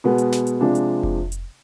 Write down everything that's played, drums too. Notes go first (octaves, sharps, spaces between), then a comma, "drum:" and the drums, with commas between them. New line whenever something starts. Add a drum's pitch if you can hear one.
B2 G#3 B3
drum: hi-hat
drum: snare
drum: hi-hat
C3 F3 G#3 D4
drum: hi-hat
drum: kick F1
drum: hi-hat